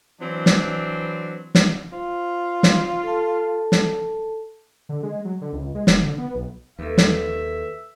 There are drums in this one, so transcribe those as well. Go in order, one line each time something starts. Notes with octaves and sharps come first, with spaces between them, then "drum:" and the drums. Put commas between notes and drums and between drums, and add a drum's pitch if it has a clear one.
E3 F#3 C4 D4
drum: snare
drum: snare
F4 C5
drum: snare
A4 A5
drum: snare
D3
G#3
F#3
D3
C#2
G#3
F1, drum: snare
D3
B3
B1
D#2 A4 B4 E5
drum: snare